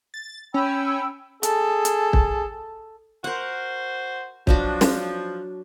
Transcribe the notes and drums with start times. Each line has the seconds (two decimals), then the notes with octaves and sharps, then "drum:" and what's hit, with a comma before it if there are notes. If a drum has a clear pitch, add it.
0.14 A6
0.54 C#4 G5 B5 E6
1.43 G#4 A4, drum: hi-hat
1.85 drum: hi-hat
2.13 drum: kick
3.24 F#4 A#4 C5 F#5
4.47 F3 F#3 D4 F#4, drum: kick
4.81 drum: snare